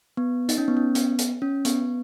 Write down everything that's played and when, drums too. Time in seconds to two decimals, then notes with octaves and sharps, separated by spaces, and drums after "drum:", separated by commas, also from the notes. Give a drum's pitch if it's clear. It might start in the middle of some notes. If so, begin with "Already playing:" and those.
0.17 B3
0.49 D#4, drum: hi-hat
0.58 C#4
0.68 B3
0.77 C#4
0.95 B3, drum: hi-hat
1.19 drum: hi-hat
1.42 C#4
1.65 B3, drum: hi-hat